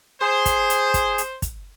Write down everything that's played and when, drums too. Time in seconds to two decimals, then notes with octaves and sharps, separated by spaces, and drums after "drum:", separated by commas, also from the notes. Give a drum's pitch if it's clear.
0.21 G#4 C5
0.46 drum: kick, hi-hat
0.70 drum: hi-hat
0.94 drum: kick, hi-hat
1.18 drum: hi-hat
1.42 drum: kick, hi-hat